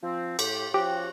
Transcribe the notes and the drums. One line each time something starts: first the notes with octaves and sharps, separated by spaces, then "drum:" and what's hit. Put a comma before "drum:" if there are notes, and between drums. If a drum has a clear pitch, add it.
F3 C4
A2 G4, drum: cymbal
F3 C#4 F#4 G4